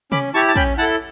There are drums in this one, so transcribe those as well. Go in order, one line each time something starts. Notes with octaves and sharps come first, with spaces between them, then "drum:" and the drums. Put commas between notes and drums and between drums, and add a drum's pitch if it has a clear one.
C#4 B5 D6, drum: tom C3
E4 G4 A5 C#6
A5
C#4 G5 B5, drum: kick
E4 A4 F#5 A5